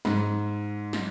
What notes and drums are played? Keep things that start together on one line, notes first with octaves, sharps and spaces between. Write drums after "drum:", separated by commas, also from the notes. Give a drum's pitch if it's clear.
G#2, drum: snare
drum: snare